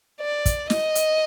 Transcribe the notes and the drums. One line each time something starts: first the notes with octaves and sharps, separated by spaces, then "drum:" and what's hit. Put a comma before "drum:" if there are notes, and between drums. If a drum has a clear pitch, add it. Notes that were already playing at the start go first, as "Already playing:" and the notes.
D5
drum: kick, hi-hat
D#5, drum: snare
drum: hi-hat